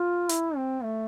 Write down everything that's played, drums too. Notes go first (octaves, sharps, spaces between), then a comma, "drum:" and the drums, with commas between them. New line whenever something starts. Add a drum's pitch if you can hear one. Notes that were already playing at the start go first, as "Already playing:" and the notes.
Already playing: F4
E4, drum: hi-hat
C4
A3